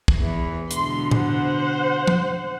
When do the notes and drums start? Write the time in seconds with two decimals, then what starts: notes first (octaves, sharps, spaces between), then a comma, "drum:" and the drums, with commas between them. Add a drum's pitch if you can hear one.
0.08 drum: kick
0.17 E2 E3
0.71 B2 D3 C6, drum: hi-hat
1.11 C5 F#5, drum: tom A2
2.07 drum: tom F3